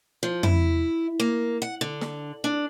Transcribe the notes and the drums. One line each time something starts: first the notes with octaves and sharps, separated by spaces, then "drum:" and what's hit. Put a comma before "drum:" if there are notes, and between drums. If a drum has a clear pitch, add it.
F3
E4, drum: tom
A#3
F#5
D3
drum: snare
D4